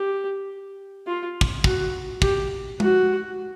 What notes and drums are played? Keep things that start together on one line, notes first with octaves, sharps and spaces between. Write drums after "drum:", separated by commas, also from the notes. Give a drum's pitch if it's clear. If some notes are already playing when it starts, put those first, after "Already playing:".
Already playing: G4
F4
drum: kick
F#4, drum: kick
G4, drum: kick
F#4, drum: tom G#3